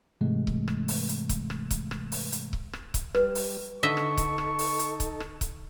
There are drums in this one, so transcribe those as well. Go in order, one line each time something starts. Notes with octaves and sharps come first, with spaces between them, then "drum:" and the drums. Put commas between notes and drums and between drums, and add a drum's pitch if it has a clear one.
G#2 C3 E3 G#3 A3
drum: kick C#1
drum: rim click
drum: open hi-hat
drum: hi-hat
drum: kick C#1, hi-hat
drum: rim click
drum: kick C#1, hi-hat
drum: rim click
drum: open hi-hat
drum: hi-hat
drum: kick C#1
drum: rim click
drum: kick C#1, hi-hat
G3 B4, drum: rim click
drum: open hi-hat
D3 D#4 A4 D#5 E5 C#6
drum: rim click
drum: kick C#1, hi-hat
drum: rim click
drum: open hi-hat
drum: hi-hat
drum: kick C#1, hi-hat
drum: rim click
drum: kick C#1, hi-hat